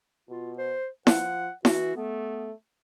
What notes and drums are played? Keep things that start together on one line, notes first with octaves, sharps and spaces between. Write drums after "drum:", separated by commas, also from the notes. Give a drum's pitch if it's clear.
B2 F4
C5
F3 F#5, drum: snare E4
E3 F#4, drum: snare E4
A3 B3